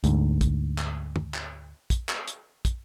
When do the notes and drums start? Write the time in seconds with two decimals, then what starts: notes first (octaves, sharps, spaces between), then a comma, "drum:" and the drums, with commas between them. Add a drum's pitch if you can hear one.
0.04 D2 G#2, drum: hi-hat
0.41 drum: kick, hi-hat
0.78 drum: clap
1.16 drum: tom
1.34 drum: clap
1.90 drum: kick, hi-hat
2.09 drum: clap
2.28 drum: hi-hat
2.65 drum: kick, hi-hat